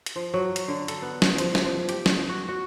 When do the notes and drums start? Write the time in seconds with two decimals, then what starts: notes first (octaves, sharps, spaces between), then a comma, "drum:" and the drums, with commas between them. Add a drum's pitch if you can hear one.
0.06 drum: hi-hat
0.16 F3
0.34 F#3
0.56 drum: hi-hat
0.68 D3
0.88 A4, drum: hi-hat
1.02 B3
1.22 drum: snare
1.38 F3, drum: hi-hat
1.55 drum: snare
1.65 F3
1.89 G4, drum: hi-hat
2.06 D4, drum: snare
2.29 F#4
2.48 F#4